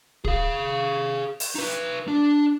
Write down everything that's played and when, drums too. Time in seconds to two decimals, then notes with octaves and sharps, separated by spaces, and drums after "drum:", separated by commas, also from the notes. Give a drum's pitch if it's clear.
0.25 G#4 F5, drum: kick
1.40 drum: open hi-hat
1.55 D#4 B4
2.08 D4